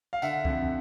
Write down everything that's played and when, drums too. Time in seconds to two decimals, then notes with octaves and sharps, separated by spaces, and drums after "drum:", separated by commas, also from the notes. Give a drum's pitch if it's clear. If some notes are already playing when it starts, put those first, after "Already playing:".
0.13 F5
0.22 D3 E5 F#5, drum: tambourine
0.45 F2, drum: kick C2